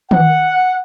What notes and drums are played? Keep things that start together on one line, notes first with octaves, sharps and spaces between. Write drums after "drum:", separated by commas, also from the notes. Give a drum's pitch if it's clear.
F#5, drum: tom D#3